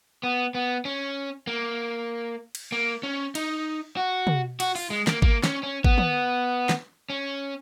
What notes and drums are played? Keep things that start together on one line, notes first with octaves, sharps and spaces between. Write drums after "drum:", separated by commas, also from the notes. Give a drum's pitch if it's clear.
B3
B3
C#4
A#3
drum: cymbal
A#3
C#4
D#4, drum: cymbal
F#4
drum: tom
F#4, drum: cymbal
F4, drum: open hi-hat
G#3
A#3, drum: snare
A#3, drum: kick G#1
C#4, drum: snare
C#4
B3, drum: kick G#1
drum: tom
drum: snare
C#4